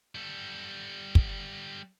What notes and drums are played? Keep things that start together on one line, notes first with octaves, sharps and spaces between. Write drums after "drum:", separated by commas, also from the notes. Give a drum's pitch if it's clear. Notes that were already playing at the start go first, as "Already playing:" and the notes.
G3 A4
drum: kick